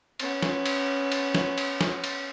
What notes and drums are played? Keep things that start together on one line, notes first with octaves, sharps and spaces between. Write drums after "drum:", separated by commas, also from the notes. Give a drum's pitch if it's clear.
B3 C#4, drum: cymbal
drum: snare
drum: cymbal
drum: cymbal
drum: snare
drum: cymbal
drum: snare
drum: cymbal